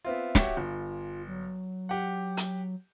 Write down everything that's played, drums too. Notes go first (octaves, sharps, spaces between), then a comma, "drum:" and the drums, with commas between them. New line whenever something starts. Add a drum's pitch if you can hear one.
B3 C4 F4 E5
F#4 G4 C#5, drum: snare
G1 F4
F#3
G4 F#5
drum: hi-hat